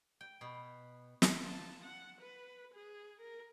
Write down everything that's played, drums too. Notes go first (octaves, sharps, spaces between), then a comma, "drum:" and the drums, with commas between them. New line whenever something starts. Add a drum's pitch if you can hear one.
G5
B2
drum: snare
F4 A5
F#5
B4
G#4
A#4